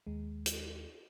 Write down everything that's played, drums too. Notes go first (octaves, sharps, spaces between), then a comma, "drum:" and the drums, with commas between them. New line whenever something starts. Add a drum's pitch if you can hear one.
D#2 G#3
drum: hi-hat